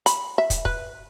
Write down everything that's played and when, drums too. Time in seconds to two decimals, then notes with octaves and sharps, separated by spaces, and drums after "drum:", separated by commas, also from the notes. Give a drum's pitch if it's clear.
0.06 B5, drum: hi-hat
0.38 E5
0.50 drum: kick, hi-hat
0.65 B4, drum: kick